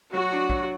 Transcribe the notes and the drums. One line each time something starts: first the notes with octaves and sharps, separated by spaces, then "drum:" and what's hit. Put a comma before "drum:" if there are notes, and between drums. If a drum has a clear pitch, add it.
F#3 F#4
D4
F#3, drum: kick